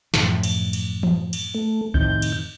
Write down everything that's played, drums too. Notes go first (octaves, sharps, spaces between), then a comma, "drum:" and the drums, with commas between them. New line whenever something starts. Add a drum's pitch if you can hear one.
F#2 A2 F3, drum: snare
drum: cymbal
drum: cymbal
drum: tom E3
drum: cymbal
A3
F2 A2 C3 D#3 G6, drum: kick C2
drum: cymbal